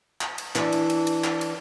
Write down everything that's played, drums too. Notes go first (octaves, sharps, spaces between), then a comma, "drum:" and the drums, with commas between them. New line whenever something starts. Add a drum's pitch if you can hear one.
drum: clap
drum: cymbal
E3 D4, drum: clap
drum: cymbal
drum: cymbal
drum: cymbal
drum: clap
drum: cymbal